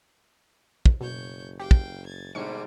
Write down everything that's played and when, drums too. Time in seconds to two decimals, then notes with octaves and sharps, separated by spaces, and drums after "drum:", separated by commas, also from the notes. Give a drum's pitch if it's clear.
0.86 drum: kick
1.01 F#1 B2 C#5 G6
1.59 G4 F5 G5
1.71 drum: kick
2.06 G#6 A6
2.35 G#2 B2 D3 G3 A#3 C#6 C#7 D7